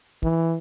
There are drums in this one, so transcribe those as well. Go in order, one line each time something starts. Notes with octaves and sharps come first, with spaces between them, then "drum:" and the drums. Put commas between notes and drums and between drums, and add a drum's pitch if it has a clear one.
E3, drum: kick